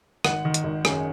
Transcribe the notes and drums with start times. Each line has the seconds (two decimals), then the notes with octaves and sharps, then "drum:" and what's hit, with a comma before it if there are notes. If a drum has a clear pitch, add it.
0.24 G#1 F#5, drum: rim click
0.45 D#3
0.54 drum: hi-hat
0.64 G#1
0.85 F#2 G#4, drum: rim click